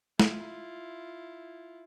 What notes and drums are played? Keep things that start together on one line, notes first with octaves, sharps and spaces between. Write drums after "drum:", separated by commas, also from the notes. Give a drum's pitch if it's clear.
E4 F4, drum: snare